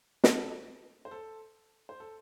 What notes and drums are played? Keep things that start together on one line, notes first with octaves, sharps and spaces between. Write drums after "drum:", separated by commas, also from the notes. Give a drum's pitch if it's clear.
A4, drum: snare
C5
A4
C5
A4